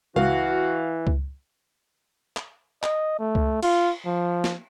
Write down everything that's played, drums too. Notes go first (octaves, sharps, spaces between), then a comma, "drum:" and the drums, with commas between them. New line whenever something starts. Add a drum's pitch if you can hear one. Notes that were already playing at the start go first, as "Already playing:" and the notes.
C#2 E3 F#4 F5
drum: kick C#2
drum: clap
D#5, drum: clap
A3
drum: kick C#2
F4, drum: cymbal
F3
drum: snare